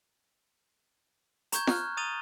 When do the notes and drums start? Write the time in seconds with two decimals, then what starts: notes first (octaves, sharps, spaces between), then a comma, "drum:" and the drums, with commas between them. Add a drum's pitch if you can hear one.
1.52 A#5 C#6 G6 G#6, drum: hi-hat
1.67 F6 F#6, drum: snare F4
1.97 A#5 D#6 A6 D#7 F7 G7